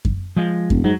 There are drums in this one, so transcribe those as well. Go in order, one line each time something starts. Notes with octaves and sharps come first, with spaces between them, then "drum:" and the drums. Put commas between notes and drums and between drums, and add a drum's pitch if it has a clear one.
drum: kick F#2
F3 G#3
E1, drum: kick F#2
G#2 F#3